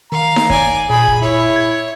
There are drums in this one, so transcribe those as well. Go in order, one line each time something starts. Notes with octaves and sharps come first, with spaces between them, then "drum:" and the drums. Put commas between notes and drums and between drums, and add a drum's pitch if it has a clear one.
D#3 F5 A#5
drum: snare D#4
C#5 D5 G#5, drum: kick
A#2 G#4 B5
drum: kick
E4 C#5
G#6